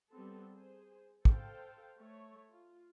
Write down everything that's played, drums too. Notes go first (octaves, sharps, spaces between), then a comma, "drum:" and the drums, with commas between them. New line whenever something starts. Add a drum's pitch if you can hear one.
G3 B3 C4 A4
G#4 C5
A4 C5 F5 G5, drum: kick
A3 C#5
F4